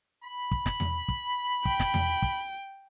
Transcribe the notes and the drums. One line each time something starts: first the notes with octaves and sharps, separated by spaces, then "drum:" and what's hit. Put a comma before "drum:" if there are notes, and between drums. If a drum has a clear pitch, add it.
B5
drum: kick
drum: snare
drum: tom E2
drum: kick
G5, drum: kick
drum: snare
drum: tom E2
drum: kick